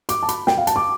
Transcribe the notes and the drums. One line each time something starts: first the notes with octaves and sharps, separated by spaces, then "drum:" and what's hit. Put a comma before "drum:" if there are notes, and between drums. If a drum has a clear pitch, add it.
D6, drum: hi-hat
A5
B5, drum: hi-hat
G5, drum: snare
F5
A5, drum: hi-hat
D6